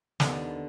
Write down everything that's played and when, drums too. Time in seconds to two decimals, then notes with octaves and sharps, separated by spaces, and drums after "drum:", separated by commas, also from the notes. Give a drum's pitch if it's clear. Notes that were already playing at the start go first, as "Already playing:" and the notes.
0.20 D#2 D3 D#3 B3, drum: snare